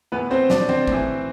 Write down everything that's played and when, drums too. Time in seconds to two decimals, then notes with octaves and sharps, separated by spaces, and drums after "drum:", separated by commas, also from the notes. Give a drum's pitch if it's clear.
0.12 A2 E3 B3 B4
0.31 C4 C5
0.50 B2 D4 D5, drum: snare
0.69 C4 C5, drum: tom D#3
0.87 A2 E3, drum: kick